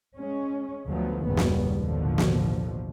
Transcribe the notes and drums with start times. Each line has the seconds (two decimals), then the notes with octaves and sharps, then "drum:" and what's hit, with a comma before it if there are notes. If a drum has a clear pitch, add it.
0.16 G#3 C#4
0.88 D2 F3 F#3 A3 B3
1.25 F#1 D#2 A#2 C#3 G3 B3
1.37 drum: snare
1.79 A1 D#2 B2 D3 F3
2.18 drum: snare